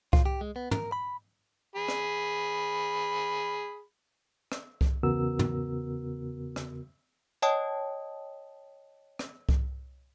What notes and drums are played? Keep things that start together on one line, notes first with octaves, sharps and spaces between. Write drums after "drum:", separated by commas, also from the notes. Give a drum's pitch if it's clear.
F4, drum: kick C2
G4
G#3
B3
A#4, drum: tom
B5
G#4 B5
drum: rim click
drum: rim click
drum: kick C2
E2 C#3 B3 F#4 A#4 E6
drum: tom
drum: rim click
C#5 D#5 G5 A5 D#6
drum: rim click
drum: kick C2